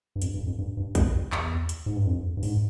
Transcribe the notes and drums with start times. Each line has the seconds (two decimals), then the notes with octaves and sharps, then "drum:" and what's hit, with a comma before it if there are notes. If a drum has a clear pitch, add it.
0.16 G2
0.22 F2, drum: hi-hat
0.34 G2
0.46 F2
0.58 G2
0.77 G2
0.95 F2, drum: kick, hi-hat
1.32 E2, drum: clap
1.69 drum: hi-hat
1.86 G#2
1.96 G2
2.06 F2
2.37 G2
2.43 G#2, drum: open hi-hat